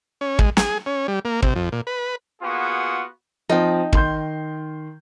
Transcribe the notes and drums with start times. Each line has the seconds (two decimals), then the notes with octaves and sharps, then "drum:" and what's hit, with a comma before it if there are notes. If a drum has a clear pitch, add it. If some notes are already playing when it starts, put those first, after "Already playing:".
0.21 C#4
0.39 G#3, drum: kick
0.57 G#4, drum: snare
0.86 C#4
1.08 G3
1.25 A#3
1.42 C3, drum: kick
1.55 F2
1.72 A#2
1.87 B4
2.42 A#3 B3 F4 F#4 G#4
3.49 F3 C4 D#4 G5
3.93 D#3 C6 G6, drum: kick